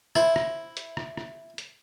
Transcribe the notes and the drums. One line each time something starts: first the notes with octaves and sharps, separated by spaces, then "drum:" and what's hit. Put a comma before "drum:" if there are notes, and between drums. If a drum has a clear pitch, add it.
E4 C5, drum: rim click
drum: rim click
drum: hi-hat
drum: rim click
drum: rim click
drum: hi-hat